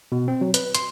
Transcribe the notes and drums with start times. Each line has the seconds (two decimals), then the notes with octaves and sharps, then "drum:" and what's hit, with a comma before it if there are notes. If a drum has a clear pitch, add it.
0.12 B2
0.28 C4
0.41 F#3
0.54 B4, drum: hi-hat
0.75 C6, drum: hi-hat